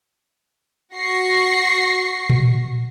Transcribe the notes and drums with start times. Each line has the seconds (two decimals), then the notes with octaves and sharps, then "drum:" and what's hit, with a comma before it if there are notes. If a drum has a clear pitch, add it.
0.95 F#4 C#6 A#6 C7
2.30 drum: tom A#2